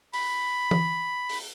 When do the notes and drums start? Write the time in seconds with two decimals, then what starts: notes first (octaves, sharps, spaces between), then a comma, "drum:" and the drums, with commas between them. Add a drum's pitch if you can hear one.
0.13 B5, drum: open hi-hat
0.71 drum: tom
1.29 drum: open hi-hat